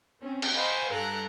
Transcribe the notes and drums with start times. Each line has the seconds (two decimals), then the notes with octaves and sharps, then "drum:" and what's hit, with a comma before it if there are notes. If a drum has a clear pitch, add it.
0.21 C4 C#4
0.42 drum: cymbal
0.53 C5 D#5 F5 G#5 B5 C#6
0.90 G2 A4 A#5 F#6